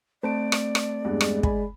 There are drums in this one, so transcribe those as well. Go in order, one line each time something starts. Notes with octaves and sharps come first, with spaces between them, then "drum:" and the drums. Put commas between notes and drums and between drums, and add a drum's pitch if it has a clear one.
A3 C4 C5 D5 A5 D7
drum: rim click
drum: rim click
E2 G2 G#3
drum: rim click
D5 G#5 B5, drum: kick